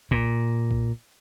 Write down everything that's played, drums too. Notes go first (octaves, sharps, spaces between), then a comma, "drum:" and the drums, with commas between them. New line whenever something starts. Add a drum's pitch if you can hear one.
A#2, drum: kick B1
drum: kick B1